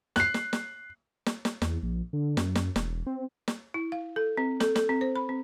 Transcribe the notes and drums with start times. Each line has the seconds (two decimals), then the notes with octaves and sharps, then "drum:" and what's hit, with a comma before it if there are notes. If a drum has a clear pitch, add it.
0.16 F#6 C7, drum: snare
0.34 drum: snare
0.53 drum: snare
1.26 drum: snare
1.45 drum: snare
1.62 E2, drum: snare
1.83 A#1
2.13 D3
2.37 F#2, drum: snare
2.55 drum: snare
2.76 E1, drum: snare
3.07 C4
3.48 drum: snare
3.74 E4
3.92 F5
4.16 A4
4.37 C4
4.60 A4, drum: snare
4.76 A4, drum: snare
4.89 C4
5.01 C5
5.16 B5
5.29 C4